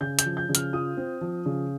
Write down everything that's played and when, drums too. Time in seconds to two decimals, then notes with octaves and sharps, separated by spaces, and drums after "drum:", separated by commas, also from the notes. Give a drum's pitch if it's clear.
0.01 C#3 G6
0.19 G6, drum: hi-hat
0.25 F3
0.37 G6
0.49 C#3
0.55 F6, drum: hi-hat
0.73 F4 D#6
0.97 C4
1.21 F3
1.46 C#3